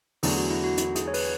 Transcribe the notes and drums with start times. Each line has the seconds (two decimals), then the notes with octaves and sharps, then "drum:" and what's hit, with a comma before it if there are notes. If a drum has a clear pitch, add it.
0.23 E2 D3 F#3 A3 D4 G#4, drum: open hi-hat
0.37 F#4
0.50 E4
0.64 F#4
0.77 drum: hi-hat
0.95 G#4, drum: hi-hat
1.08 C#5
1.14 B4, drum: open hi-hat